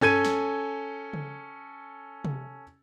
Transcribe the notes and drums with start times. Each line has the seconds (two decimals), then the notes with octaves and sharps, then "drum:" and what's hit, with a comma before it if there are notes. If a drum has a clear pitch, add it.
0.01 C#4 A4 G#6 D#7, drum: tom G2
0.25 drum: snare
1.13 drum: tom C#3
2.25 drum: tom C3